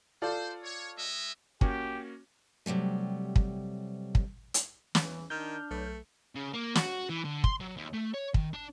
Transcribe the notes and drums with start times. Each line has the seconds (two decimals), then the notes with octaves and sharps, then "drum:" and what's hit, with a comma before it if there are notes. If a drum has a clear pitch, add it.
0.22 F4 A4 C5 D5
0.63 C#5
0.97 G#3 D#5 E5
1.61 A#3 C#4 F#4 G4, drum: kick
2.66 C3 F#3 G3 A3
3.36 drum: kick
4.15 drum: kick
4.54 drum: hi-hat
4.95 E3, drum: snare
5.07 E2
5.30 D#3 D4 F6 G6
5.71 B1 A3
6.35 C#3
6.54 A#3
6.75 F#4, drum: snare
7.10 E3
7.25 D3
7.44 C6, drum: kick
7.60 F#3
7.77 D#2
7.93 A3
8.14 C#5
8.34 D#3, drum: kick
8.53 D4